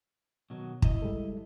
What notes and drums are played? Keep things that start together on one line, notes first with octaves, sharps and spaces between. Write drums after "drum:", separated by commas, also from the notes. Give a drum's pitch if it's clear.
B2 D#3 F#3
E4 D#5, drum: kick
G3 G#3 A4